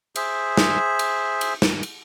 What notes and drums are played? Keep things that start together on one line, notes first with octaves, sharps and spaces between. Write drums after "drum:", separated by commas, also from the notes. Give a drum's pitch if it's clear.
G#4 C5 E5, drum: cymbal
drum: snare
drum: cymbal
drum: cymbal
drum: snare
drum: cymbal